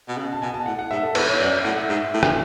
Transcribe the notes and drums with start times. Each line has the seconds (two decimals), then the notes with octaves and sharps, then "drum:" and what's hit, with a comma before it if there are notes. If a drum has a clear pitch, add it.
0.08 B2
0.18 C#3
0.33 A5
0.42 B2 G#5
0.54 A5
0.66 A2 F#5
0.79 F#5
0.91 G#2 E5
1.03 A4
1.15 E2 B4, drum: cymbal
1.28 C#5
1.35 E5
1.40 F#2 D5
1.52 E5
1.64 A2 F#5
1.77 E5
1.89 G#2
2.14 A2
2.23 drum: rim click